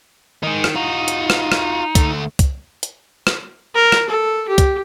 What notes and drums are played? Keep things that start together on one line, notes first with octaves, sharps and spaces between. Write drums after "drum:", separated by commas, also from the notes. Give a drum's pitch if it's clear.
D#3 D#4 G#4
drum: rim click
D#4 F4 F#4
drum: hi-hat
drum: rim click
drum: rim click
D2 A3, drum: kick, hi-hat
drum: kick, hi-hat
drum: hi-hat
drum: rim click
A#4
drum: rim click
A4
G4
drum: kick, hi-hat